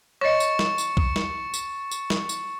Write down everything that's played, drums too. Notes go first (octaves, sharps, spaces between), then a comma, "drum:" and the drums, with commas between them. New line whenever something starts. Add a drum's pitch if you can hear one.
C#5 D#5 C#6 A6 C#7
drum: tambourine
drum: snare
drum: tambourine
drum: kick B1
drum: snare
drum: tambourine
drum: tambourine
drum: snare
drum: tambourine